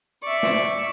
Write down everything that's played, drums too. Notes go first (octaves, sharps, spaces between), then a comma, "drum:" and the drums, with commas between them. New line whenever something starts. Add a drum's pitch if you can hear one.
D5 E5 C#6
drum: snare